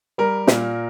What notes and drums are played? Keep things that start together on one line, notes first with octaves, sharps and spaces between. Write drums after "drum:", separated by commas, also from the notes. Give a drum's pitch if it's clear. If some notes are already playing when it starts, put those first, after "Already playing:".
G3 A#4
A#2, drum: snare